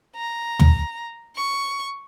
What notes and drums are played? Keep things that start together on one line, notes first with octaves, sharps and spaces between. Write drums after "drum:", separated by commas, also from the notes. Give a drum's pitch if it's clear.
A#5
drum: tom
C#6